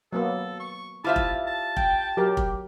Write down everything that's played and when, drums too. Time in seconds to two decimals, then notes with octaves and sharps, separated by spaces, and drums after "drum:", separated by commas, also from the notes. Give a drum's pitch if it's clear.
0.13 F#3 A#3 B3 A4
0.60 C#6
1.04 G3 E4 F4 C5 E5 A5
1.16 drum: kick F1
1.47 A5
1.77 G5, drum: kick F1
2.17 F#3 G4 A#4
2.37 drum: kick F1